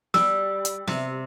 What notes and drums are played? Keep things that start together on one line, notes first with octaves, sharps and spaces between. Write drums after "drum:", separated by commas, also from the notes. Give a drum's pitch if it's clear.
G3 E6, drum: snare
drum: hi-hat
C3, drum: snare